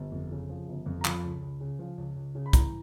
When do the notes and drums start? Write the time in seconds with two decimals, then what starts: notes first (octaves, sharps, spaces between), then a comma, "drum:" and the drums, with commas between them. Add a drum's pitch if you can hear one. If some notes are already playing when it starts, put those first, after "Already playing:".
Already playing: G1
0.12 F2
0.31 C#3
0.49 F3
0.68 G1
0.86 F2
1.01 A#5
1.05 F3 B5, drum: clap
1.23 C#2
1.42 C#2
1.60 C#3
1.79 F3
1.98 C#2
2.16 C#2
2.35 C#3
2.46 B5
2.53 E3 A#5, drum: kick, hi-hat